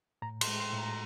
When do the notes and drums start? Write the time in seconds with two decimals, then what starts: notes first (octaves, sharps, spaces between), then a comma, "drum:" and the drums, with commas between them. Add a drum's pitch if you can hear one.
0.22 A2 A#5
0.41 C6, drum: cymbal
0.48 G#3
0.60 C6
0.73 A2
0.78 A#5